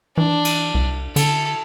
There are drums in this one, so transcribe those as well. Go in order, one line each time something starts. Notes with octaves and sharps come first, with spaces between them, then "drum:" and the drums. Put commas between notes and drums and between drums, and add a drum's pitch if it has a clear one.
E3 D4
drum: cymbal
C2
D3 A4, drum: cymbal